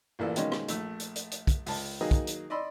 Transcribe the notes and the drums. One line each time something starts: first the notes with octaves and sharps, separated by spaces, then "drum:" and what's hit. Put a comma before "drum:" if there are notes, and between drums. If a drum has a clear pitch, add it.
A1 A#2 E3 A#3 A4 D5
B2 D#3 G#3 A#3 C#4, drum: hi-hat
drum: rim click
A#1 A3, drum: hi-hat
drum: hi-hat
drum: hi-hat
drum: hi-hat
drum: kick, hi-hat
C#2 A5, drum: open hi-hat
D#3 F#3 A#3 D#4 G#4
drum: kick, hi-hat
drum: hi-hat
D5 D#5 B5 C6 E6